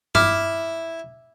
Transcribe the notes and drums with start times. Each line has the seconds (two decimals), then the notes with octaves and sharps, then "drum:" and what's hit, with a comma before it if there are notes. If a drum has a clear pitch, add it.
0.15 E4 E5 D6 F6, drum: tom G2